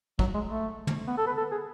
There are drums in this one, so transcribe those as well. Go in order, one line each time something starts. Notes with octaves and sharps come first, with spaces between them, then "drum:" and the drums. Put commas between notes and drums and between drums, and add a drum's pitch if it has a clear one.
F#3, drum: kick
G#3
A3
drum: tom
B3
A4
B4
A4
G#4